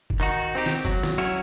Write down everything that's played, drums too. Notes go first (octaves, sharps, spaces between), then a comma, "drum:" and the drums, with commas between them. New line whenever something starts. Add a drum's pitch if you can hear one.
drum: kick
D#3 D#4 F#4
C4 D#4 G4
drum: snare
F#3, drum: kick
drum: snare
F#3 C#4 E4 C#5